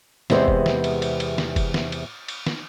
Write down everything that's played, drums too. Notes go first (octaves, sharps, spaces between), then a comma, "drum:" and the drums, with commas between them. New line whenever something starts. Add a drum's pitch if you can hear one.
E2 C3 G#3 B3 C5, drum: snare
drum: kick
drum: snare
drum: cymbal
drum: cymbal
drum: cymbal
drum: snare
drum: kick, cymbal
drum: snare
drum: cymbal
drum: cymbal
drum: snare